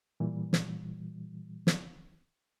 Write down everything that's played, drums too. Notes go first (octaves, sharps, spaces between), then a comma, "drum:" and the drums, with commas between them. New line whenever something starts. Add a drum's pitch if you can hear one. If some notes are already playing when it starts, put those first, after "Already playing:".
A#2 E3 G3
drum: snare
drum: snare